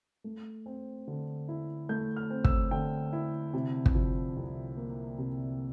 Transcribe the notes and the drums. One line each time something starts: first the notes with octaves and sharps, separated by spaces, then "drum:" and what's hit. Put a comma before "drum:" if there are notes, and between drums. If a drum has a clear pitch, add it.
A3
C4
D3
E4
A3 G6
F6
C4
E6, drum: kick
D3 G5
E4
C3
drum: kick
F3
C2
A#3
C3